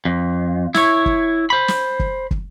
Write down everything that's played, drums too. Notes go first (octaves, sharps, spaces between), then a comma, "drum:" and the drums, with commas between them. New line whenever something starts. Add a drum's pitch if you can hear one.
F2
E4 C#5, drum: snare
drum: kick
C5 B5
drum: snare
drum: kick
drum: kick